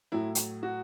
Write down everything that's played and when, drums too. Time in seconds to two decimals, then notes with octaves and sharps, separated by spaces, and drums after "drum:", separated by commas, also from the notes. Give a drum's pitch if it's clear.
0.12 A2 F#3 E4
0.35 drum: hi-hat
0.63 F#4